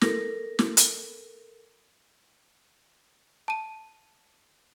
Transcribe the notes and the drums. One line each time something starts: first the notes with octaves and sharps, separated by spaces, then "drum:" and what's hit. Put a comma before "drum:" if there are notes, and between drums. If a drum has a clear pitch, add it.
A4 A#4 A#6, drum: snare
drum: snare
drum: hi-hat
A5 D#7